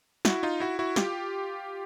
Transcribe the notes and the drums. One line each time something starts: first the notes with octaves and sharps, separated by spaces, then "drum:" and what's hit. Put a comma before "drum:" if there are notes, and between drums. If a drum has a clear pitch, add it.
E4 F#4, drum: snare
D#4 F4
E4 F#4
E4 F#4
F4 G4, drum: snare